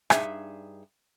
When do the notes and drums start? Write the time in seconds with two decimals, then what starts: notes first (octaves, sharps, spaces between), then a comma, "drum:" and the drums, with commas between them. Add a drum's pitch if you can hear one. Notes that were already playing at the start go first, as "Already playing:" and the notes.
0.10 G2 G#3 D#4 G#4 E5, drum: rim click